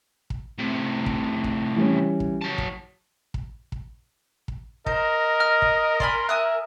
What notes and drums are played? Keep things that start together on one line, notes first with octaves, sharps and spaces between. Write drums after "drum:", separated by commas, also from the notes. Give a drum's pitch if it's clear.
drum: kick
A2 C3
drum: kick
drum: kick
E3 G3 C#4
drum: kick
F#3 A5
drum: kick
drum: kick
drum: kick
drum: kick
A#4 C5 D#5, drum: kick
F6
drum: kick
D5 G#5 B5 C6, drum: kick
E5 G#5 D#6 F#6